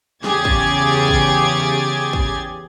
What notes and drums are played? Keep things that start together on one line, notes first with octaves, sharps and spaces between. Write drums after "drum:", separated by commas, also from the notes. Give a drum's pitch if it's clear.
E2 C#3 G4 G#4 G#6 A6, drum: snare
drum: kick
drum: kick
drum: kick